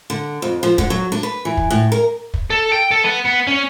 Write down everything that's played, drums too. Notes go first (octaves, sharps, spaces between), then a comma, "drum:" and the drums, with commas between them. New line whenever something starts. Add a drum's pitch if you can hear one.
D3
F2
F3
D3, drum: kick
F#3
D4
B4
E3
drum: kick
A2
A#4
drum: kick
A4
G5
A4
B3
B3
C#4